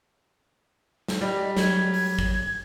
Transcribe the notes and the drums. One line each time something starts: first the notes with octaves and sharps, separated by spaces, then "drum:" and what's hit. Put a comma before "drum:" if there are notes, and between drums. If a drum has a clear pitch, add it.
drum: snare
G3 D#5
F#3 G#6, drum: snare
G#6, drum: open hi-hat
drum: kick